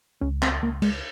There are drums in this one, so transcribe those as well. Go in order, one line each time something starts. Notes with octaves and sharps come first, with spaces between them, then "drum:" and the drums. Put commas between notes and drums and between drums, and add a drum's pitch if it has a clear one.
C#2 C#4
C4, drum: clap
C#2 A#3
G#3, drum: cymbal